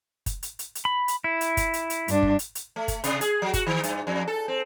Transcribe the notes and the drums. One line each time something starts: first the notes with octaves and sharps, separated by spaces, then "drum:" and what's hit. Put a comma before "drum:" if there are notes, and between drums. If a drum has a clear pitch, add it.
drum: kick F#1, hi-hat
drum: hi-hat
drum: hi-hat
drum: hi-hat
B5
drum: hi-hat
E4
drum: hi-hat
drum: kick F#1, hi-hat
drum: hi-hat
drum: hi-hat
G2 D4, drum: hi-hat
drum: kick F#1
drum: hi-hat
drum: hi-hat
A3
drum: kick F#1, hi-hat
C3, drum: hi-hat
G#4, drum: hi-hat
F#3
F#4, drum: kick F#1, hi-hat
D#3
G2, drum: hi-hat
F2
A4
C4